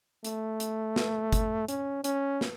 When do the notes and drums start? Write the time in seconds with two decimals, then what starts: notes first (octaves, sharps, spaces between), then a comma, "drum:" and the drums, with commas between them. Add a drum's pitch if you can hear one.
0.24 A3, drum: hi-hat
0.60 drum: hi-hat
0.96 drum: snare
1.32 drum: kick, hi-hat
1.68 C#4, drum: hi-hat
2.04 C#4, drum: hi-hat
2.41 drum: snare